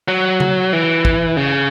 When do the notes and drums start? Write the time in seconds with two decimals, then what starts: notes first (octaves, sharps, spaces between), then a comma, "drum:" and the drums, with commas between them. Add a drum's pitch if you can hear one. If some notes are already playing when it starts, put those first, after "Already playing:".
0.08 F#3
0.40 drum: tom C#3
0.73 E3
1.05 drum: kick
1.37 C#3